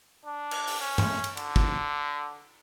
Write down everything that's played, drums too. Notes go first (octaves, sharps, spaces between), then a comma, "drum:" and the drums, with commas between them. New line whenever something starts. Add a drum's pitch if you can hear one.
D4
drum: cymbal
drum: open hi-hat
C#4
drum: tom G2
drum: cymbal
D3, drum: cymbal
drum: kick